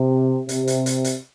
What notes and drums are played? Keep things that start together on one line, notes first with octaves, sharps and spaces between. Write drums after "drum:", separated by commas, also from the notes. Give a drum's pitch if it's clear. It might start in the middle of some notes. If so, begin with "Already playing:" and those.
Already playing: C3
C3, drum: hi-hat
drum: hi-hat
drum: hi-hat
drum: hi-hat